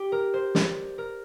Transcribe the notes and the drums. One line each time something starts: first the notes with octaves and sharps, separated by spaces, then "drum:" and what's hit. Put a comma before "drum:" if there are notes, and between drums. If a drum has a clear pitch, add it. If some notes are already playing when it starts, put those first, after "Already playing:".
Already playing: G4
A#4
C5
D5, drum: snare
A#4